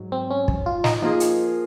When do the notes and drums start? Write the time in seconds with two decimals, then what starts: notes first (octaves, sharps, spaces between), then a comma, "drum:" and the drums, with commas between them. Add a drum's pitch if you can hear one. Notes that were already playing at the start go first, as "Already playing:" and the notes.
Already playing: G#2 F#3
0.12 C4
0.31 C#4
0.48 drum: kick
0.66 F4
0.84 D#4, drum: snare
1.02 F3 A#3 D#4 F4 G#4
1.20 drum: hi-hat